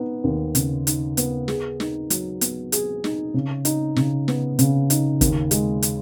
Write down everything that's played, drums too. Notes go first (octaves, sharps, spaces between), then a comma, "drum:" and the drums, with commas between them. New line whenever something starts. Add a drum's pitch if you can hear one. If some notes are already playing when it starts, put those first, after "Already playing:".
Already playing: B3 D#4
D#2
C#3, drum: hi-hat
D#4, drum: hi-hat
B3, drum: hi-hat
G#4, drum: snare
D#4, drum: snare
F#3, drum: hi-hat
B3, drum: hi-hat
G#4, drum: hi-hat
D#4, drum: snare
C#3
D#4, drum: hi-hat
C#3, drum: snare
B3, drum: snare
C#3, drum: hi-hat
D#4, drum: hi-hat
D#2, drum: kick, hi-hat
G#3, drum: hi-hat
drum: hi-hat